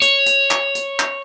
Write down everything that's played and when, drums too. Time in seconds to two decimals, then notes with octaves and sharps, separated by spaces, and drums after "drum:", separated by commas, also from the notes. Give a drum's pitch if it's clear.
0.02 C#5, drum: hi-hat
0.26 drum: hi-hat
0.51 drum: clap
0.75 drum: hi-hat
0.99 drum: clap